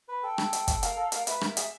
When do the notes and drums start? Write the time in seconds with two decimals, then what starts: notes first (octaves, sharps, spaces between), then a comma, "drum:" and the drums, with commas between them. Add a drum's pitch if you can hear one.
0.09 B4
0.23 A4 G5
0.38 drum: rim click
0.53 drum: hi-hat
0.68 drum: kick, hi-hat
0.83 A#4 F5, drum: hi-hat
0.97 A4
1.12 A#4, drum: hi-hat
1.27 B4 E5, drum: hi-hat
1.41 A#4, drum: rim click
1.57 G#4, drum: hi-hat